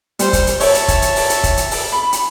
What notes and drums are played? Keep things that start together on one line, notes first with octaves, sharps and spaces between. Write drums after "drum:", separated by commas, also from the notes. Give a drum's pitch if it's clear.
G3 C5, drum: hi-hat
drum: kick, hi-hat
drum: hi-hat
C#5 E5 A5, drum: open hi-hat
drum: hi-hat
drum: kick, hi-hat
drum: hi-hat
drum: open hi-hat
drum: hi-hat
drum: kick, hi-hat
drum: hi-hat
drum: open hi-hat
B5
drum: hi-hat